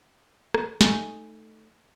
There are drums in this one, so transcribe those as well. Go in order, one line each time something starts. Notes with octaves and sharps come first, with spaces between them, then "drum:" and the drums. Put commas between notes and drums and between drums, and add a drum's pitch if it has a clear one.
drum: rim click
A3 D#4 G#5, drum: snare